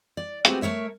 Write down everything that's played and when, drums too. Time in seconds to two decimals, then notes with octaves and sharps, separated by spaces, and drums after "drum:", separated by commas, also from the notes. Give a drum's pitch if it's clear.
0.17 D5
0.45 G#3 A3 B3 C4 F#4 G4, drum: hi-hat
0.62 A3 A#4 C#5 E5